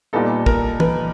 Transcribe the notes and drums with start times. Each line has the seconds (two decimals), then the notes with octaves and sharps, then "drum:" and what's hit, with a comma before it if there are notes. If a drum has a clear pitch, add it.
0.13 A#2 G3 B3 D#4 A4
0.46 A#4, drum: kick
0.80 B4, drum: tom